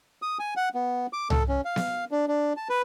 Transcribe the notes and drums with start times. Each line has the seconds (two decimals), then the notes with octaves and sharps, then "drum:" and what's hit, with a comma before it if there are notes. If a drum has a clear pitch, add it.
0.22 D#6
0.39 G#5
0.57 F#5
0.75 B3
1.13 D6
1.30 A4, drum: tom C2
1.49 C#4
1.65 F5
1.76 drum: snare B3
2.11 D4
2.28 D4
2.57 A5
2.70 B4